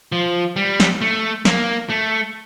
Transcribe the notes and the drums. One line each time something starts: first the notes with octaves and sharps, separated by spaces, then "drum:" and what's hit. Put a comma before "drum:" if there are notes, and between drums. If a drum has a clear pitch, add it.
F3
G3
drum: snare
A3
A#3, drum: snare
A3